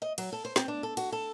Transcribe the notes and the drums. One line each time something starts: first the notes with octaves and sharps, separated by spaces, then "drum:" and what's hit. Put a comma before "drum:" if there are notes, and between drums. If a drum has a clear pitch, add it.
D#5
F#3, drum: cymbal
A4
C5
C4, drum: snare
D4
A4
F#4, drum: cymbal
A4